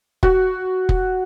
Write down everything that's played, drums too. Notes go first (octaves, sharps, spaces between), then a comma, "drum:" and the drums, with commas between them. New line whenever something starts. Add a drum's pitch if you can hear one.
F#4, drum: kick
drum: kick